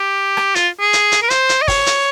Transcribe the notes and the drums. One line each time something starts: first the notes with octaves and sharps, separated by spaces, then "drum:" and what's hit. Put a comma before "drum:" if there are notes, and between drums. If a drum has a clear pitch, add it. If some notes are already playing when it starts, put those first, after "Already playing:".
Already playing: G4
drum: rim click
F4, drum: hi-hat
G#4
drum: hi-hat
drum: hi-hat
A#4
C5, drum: hi-hat
drum: hi-hat
D#5
C#5, drum: kick G1, open hi-hat
drum: hi-hat